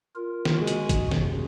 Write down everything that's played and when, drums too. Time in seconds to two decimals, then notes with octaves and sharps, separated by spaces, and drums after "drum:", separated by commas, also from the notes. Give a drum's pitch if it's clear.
0.16 F4 A#4
0.45 drum: snare
0.58 G#3 F#4
0.67 drum: hi-hat
0.89 drum: kick, hi-hat
1.11 F#2 C3, drum: snare